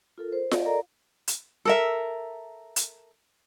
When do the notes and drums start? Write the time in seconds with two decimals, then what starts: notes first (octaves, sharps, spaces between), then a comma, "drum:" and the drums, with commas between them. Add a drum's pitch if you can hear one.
0.18 F4 A4 A#4
0.32 C5
0.51 D5 D#5, drum: snare F4
0.65 A4 A#4 D5 A#5
1.28 drum: hi-hat
1.65 A4 A#4 E5
2.76 drum: hi-hat